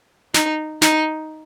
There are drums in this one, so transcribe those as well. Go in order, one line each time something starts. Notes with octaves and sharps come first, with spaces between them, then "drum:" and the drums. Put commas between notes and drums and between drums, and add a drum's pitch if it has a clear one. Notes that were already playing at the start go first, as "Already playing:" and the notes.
D#4, drum: snare
D#4, drum: snare